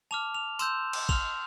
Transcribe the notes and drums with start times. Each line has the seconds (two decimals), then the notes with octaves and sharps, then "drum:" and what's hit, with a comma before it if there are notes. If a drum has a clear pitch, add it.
0.11 A5 D6 F6 F7
0.34 F7
0.59 C6 E6 G6 E7, drum: tambourine
0.93 drum: cymbal
1.09 C6 F6 F7, drum: kick